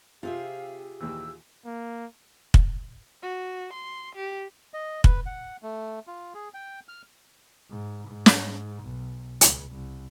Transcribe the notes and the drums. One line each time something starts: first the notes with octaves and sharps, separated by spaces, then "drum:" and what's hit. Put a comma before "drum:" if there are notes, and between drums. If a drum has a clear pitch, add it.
C3 C4 F4 G4 G#4 E5 F5
D#2 A#2 E3 E6
A#3
drum: kick
F#4
C6
G4
D#5
B4, drum: kick
F#5
A3
F4
G#4
G5
F6
G#2
G#2
drum: snare
B1
C#2, drum: hi-hat
C2